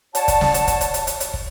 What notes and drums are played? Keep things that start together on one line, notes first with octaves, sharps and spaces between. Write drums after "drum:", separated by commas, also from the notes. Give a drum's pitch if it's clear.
F#4 C#5 D5 A5, drum: hi-hat
drum: kick, hi-hat
drum: snare
drum: hi-hat
drum: kick, hi-hat
drum: hi-hat
drum: hi-hat
drum: hi-hat
drum: hi-hat
drum: kick